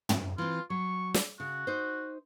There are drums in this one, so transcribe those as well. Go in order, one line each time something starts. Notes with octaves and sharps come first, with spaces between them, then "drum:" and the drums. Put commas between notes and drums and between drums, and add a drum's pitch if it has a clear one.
drum: tom
E3 C4 F4
F#3 C#6
drum: snare
C#3 F#4
D#4 C5